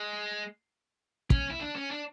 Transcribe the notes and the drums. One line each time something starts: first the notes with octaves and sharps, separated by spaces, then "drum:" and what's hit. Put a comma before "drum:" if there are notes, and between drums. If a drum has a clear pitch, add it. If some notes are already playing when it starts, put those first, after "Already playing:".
Already playing: G#3
C#4, drum: kick
E4
D4
C#4
D4